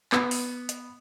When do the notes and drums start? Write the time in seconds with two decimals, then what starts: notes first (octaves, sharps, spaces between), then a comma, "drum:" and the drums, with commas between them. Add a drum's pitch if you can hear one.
0.12 B3, drum: clap
0.31 drum: open hi-hat
0.69 drum: hi-hat